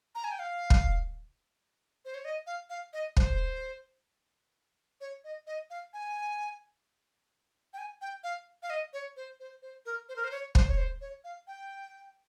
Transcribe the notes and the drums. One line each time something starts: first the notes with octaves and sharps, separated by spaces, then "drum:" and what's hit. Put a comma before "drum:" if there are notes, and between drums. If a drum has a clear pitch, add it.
A#5
G#5
G5
F5
drum: kick
C5
C#5
D#5
F5
F5
D#5
C5, drum: kick
C#5
D#5
D#5
F5
G#5
G5
G#5
G5
F5
F5
D#5
C#5
C5
C5
C5
A#4
C5
A#4
C5
C#5
C5, drum: kick
C#5
C5
C#5
F5
G5